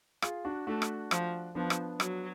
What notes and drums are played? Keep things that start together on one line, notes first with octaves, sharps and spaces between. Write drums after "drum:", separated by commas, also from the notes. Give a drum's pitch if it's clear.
F4 G#4, drum: rim click
D4 F#4
A3 D4 F#4
drum: rim click
F3, drum: rim click
F3 B3 D4
drum: rim click
F#3, drum: rim click